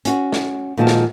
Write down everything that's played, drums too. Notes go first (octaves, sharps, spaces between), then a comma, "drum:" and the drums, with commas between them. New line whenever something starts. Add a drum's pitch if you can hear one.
C#4 F#4, drum: hi-hat
drum: snare
A#2 D#3 F3 G#3 F#4 A5
drum: snare